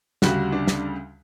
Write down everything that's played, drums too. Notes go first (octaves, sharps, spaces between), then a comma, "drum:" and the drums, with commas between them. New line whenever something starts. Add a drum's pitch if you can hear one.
D2 C#3 G3 F#4, drum: snare
D4
drum: snare